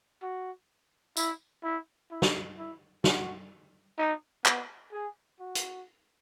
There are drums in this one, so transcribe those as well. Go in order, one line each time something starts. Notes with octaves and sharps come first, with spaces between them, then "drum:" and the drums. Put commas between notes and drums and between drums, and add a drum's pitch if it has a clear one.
F#4
E4, drum: tambourine
E4
E4
drum: snare
E4
F#4, drum: snare
D#4
B3, drum: clap
G#4
F#4
drum: hi-hat